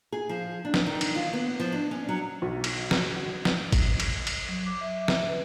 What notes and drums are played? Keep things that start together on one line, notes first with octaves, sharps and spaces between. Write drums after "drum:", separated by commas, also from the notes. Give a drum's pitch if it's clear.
G#4
F3
D4
drum: snare
D#3
drum: cymbal
F4
B3
F3
D4
C#4
F#3
B1
drum: cymbal
drum: snare
F#4
drum: snare
drum: kick G#1, cymbal
drum: cymbal
drum: cymbal
F#3
D6
E5
drum: snare
B4